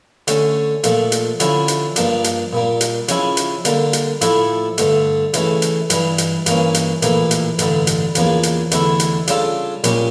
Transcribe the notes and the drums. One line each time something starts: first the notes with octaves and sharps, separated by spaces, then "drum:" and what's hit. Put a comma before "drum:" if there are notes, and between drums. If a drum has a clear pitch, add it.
D3 A3 C#4, drum: hi-hat
A#2 F3 A3, drum: hi-hat
drum: hi-hat
D3 F3 C#4 E4, drum: hi-hat
drum: hi-hat
G2 F3 A#3 D4, drum: hi-hat
drum: hi-hat
A#2 G3 A#3
drum: hi-hat
C#3 F3 C#4 E4, drum: hi-hat
drum: hi-hat
D3 G3 A#3, drum: hi-hat
drum: hi-hat
A2 F3 A3 E4, drum: hi-hat
G2 D3 A3, drum: hi-hat
C#3 E3 A3, drum: hi-hat
drum: hi-hat
G2 E3 G3, drum: hi-hat
drum: hi-hat
G2 E3 A#3 C#4, drum: hi-hat
drum: hi-hat
A#1 A2 E3 A#3, drum: hi-hat
drum: hi-hat
A1 G2 D3 G3, drum: hi-hat
drum: hi-hat
E2 C#3 F3 A#3, drum: hi-hat
drum: hi-hat
E2 D3 A3 E4, drum: hi-hat
drum: hi-hat
C#3 G3 D4 F4 A4, drum: hi-hat
A#1 A#2 G3 C#4 G4, drum: hi-hat